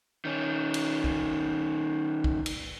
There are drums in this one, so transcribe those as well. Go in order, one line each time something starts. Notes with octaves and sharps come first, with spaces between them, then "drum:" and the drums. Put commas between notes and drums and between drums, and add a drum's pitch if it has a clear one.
D#3 C#4
drum: cymbal
drum: kick
drum: kick
drum: cymbal